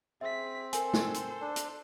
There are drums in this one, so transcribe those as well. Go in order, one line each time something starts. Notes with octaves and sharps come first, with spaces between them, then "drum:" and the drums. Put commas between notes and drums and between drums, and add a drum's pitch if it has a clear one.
C4 G#4 E5 B6
A4 A#4 C5 G#5, drum: hi-hat
drum: snare
drum: hi-hat
D4
drum: hi-hat